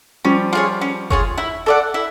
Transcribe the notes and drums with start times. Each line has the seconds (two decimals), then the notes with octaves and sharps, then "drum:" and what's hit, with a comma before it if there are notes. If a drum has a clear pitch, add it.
0.25 F3 G3 C#4
0.53 F4 G#4 C#5
0.81 C#4
1.10 F4 G#4 C#5, drum: kick F#1
1.38 E4
1.66 A4 D5 F#5
1.94 E4